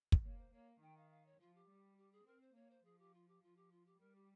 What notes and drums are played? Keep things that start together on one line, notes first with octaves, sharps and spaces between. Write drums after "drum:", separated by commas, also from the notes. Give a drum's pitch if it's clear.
drum: kick
A#3 C#5
C5
A#3 C#5
D#3 G5
F5
F5
C#5
F3 F4
G4
G3
G4
G#4
C4 A#4
C5
A#3 C#5
C5
F3 G#4
G4
F4
G4
F3 F4
G4
F4
G4
G3 A#4
G4